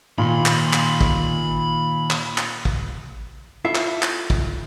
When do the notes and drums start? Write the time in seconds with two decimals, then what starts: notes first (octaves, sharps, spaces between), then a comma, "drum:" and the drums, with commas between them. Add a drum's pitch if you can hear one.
0.18 D#2 A#2 B5 C6
0.46 drum: clap
0.73 drum: clap
1.01 drum: kick
2.10 drum: clap
2.38 drum: clap
2.65 drum: kick
3.65 E4 F4 A4 E5
3.75 drum: clap
4.03 drum: clap
4.30 drum: kick